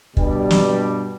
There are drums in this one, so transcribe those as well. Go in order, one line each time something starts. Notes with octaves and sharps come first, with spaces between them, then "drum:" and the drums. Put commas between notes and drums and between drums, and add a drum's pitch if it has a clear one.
G2 B2 G3, drum: kick
drum: snare